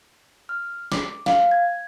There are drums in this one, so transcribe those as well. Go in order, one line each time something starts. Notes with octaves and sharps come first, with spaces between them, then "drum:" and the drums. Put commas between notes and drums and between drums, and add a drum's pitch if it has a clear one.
F6
D6, drum: snare
F5, drum: snare
G#6